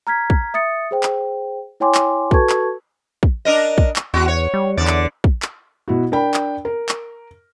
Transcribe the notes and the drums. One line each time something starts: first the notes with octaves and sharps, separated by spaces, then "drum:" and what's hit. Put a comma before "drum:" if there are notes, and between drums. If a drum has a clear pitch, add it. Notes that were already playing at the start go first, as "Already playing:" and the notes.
A#5 F6 G#6 B6
drum: kick
E5 D#6 A6 C#7
G#4 C5 G5
drum: clap
E4 C#5 G5 G#5 C6 D6
drum: clap
F#4 A4 B4 A5 C#6 G#6, drum: kick
drum: clap
drum: kick
D4 A#4 D#5
drum: kick
drum: clap
E2 B3 F#4
C#5
G3
E2 D3 D5
drum: clap
drum: kick
drum: clap
B2 E4 F#4
D4 A#4 G5 B5
drum: clap
A#4
drum: clap